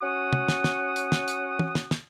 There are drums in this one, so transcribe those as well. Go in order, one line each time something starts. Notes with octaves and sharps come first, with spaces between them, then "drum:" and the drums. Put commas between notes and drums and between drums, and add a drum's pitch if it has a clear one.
C#4 F#4 F#5 D#6
drum: tom
drum: snare
drum: snare
drum: hi-hat
drum: snare
drum: hi-hat
drum: tom
drum: snare
drum: snare